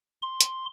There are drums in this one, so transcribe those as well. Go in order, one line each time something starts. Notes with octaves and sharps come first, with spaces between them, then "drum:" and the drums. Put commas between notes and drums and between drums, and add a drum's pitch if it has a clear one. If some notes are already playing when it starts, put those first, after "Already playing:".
C6
drum: hi-hat